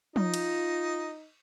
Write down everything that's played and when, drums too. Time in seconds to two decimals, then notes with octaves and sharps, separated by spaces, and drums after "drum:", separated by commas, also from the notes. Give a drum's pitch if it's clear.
0.16 D#4 F4, drum: tom F3
0.34 drum: cymbal